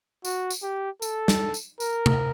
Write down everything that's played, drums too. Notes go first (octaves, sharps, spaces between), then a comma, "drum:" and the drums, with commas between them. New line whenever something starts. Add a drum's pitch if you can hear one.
F#4, drum: tambourine
drum: tambourine
G4
A4, drum: tambourine
drum: snare
drum: tambourine
A#4, drum: tambourine
drum: tom C3